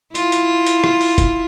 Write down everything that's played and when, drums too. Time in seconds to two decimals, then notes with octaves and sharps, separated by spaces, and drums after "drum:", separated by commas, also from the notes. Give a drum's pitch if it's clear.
0.15 E4 F4, drum: hi-hat
0.32 drum: hi-hat
0.66 drum: hi-hat
0.84 drum: rim click
1.01 drum: open hi-hat
1.18 drum: kick, hi-hat